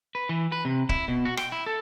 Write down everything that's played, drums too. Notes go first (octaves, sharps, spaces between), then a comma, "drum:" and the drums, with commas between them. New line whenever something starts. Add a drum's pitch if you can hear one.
B4
E3
B4
C3
E4, drum: kick C#1
B2
F#4
G5, drum: rim click
E4
A4